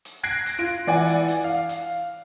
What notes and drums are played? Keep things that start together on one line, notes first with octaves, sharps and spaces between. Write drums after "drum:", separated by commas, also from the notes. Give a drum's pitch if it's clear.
drum: hi-hat
F#6 G#6 A#6 C7 D7
drum: hi-hat
F4 D7
E3 D5 F#5 G#5
drum: hi-hat
drum: hi-hat
F5
drum: hi-hat